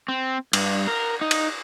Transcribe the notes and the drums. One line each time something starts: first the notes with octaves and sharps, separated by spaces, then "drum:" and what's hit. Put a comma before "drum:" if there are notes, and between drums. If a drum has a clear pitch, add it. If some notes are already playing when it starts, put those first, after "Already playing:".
C4
G2, drum: cymbal
A#4
D#4
drum: cymbal